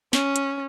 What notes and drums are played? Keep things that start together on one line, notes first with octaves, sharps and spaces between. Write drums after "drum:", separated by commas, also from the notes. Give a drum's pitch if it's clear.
C#4, drum: snare
drum: hi-hat